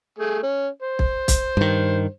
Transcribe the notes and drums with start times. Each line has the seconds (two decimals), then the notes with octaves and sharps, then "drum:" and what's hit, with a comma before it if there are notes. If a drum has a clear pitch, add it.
0.19 A3 G#4
0.43 C#4
0.82 C5
0.99 drum: kick
1.28 drum: kick, hi-hat
1.57 G2 D#3